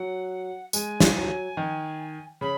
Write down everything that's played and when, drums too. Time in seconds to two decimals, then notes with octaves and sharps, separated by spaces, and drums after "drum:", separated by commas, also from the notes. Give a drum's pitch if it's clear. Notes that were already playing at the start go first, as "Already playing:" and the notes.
Already playing: F#3 F#5
0.73 G#3 G#5, drum: tambourine
1.00 drum: snare
1.16 F#3
1.57 D#3
2.41 C#3 B5